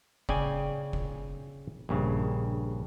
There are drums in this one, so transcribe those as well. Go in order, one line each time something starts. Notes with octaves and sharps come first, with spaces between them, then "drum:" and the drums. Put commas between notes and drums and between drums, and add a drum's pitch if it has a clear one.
C#3 D5 G5 G#5, drum: kick F1
drum: kick F1
A#1 G2 C#3